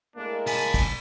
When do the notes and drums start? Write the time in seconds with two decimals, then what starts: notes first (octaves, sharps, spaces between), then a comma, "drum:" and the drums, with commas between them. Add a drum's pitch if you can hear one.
0.16 A2 G#3 A#3 D4
0.47 C2 G#5 A5 B5, drum: cymbal
0.74 drum: kick, cymbal